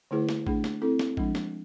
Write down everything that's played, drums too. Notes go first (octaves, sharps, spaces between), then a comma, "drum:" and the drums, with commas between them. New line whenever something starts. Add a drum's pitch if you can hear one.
D3 A3 E4 G#4 B4
drum: snare
A3 D4 G#4, drum: kick A1
drum: snare
C4 E4 A4
drum: snare
F3 G#3 D4, drum: kick A1
drum: snare